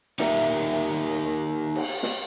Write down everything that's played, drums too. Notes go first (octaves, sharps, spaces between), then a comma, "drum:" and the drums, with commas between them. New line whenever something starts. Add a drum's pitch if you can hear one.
A#3 D#4 G4 A#4 D5 E5, drum: snare
drum: hi-hat
drum: cymbal
drum: snare